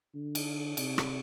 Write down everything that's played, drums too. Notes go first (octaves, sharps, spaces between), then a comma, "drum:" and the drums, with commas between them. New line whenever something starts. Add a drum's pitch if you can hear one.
D3
drum: cymbal
C3, drum: cymbal
drum: rim click